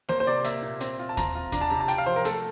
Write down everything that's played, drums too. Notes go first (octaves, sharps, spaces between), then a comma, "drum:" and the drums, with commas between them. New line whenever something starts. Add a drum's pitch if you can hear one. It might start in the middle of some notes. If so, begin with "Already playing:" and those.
A#3 C5, drum: snare A#3
C5
C3 D5
A#3 E5, drum: hi-hat
A#2
C4, drum: hi-hat
F4
A5
C4 A#5, drum: kick D#2, hi-hat
F4
D4 A#5, drum: kick D#2, hi-hat
A5
C3 A#5
A5
F4 G5, drum: hi-hat
F5
F3 C5
A#4
A3 A4, drum: hi-hat